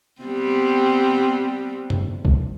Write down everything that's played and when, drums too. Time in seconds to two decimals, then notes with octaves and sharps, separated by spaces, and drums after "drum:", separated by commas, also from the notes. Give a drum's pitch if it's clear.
0.21 G3 B3 C4
1.90 drum: tom F#2
2.25 drum: kick